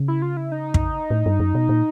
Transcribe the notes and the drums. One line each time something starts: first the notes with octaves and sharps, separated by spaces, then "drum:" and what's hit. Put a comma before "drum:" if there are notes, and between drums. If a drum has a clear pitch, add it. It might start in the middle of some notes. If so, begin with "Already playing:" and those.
Already playing: C#3
E4
F4
E4
D#4
drum: kick
A2
G2
F#2
B2
A#2